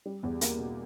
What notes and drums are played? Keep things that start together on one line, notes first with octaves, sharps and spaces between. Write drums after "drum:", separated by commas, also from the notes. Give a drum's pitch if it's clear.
G3
E2
A#3, drum: hi-hat
B2